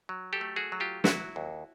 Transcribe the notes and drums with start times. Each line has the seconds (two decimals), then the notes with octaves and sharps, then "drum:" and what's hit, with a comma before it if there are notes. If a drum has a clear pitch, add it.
0.09 F#3
0.33 G4 A4
0.41 A3
0.56 F#4 G#4
0.72 F#3
0.80 F4 G4
1.04 F#3 E4 F#4, drum: snare
1.36 D#2